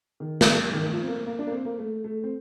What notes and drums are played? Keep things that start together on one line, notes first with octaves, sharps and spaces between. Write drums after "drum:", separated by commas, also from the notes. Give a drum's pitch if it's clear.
D#3
A3, drum: snare
G3
D#3
F3
C4
A#3
A#3
D4
A#3
C4
A#3
A3
A3
C4